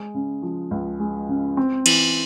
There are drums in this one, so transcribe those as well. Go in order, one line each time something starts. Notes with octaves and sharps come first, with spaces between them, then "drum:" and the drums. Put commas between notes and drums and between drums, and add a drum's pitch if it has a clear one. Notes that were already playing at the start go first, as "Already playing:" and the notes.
Already playing: G#3
C#3
F3
C#2
G#3
C#3
C4
E3, drum: cymbal